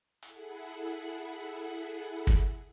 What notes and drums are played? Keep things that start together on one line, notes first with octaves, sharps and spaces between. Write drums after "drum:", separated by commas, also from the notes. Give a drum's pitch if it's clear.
E4 G#4 A4 F#5 B5, drum: hi-hat
drum: kick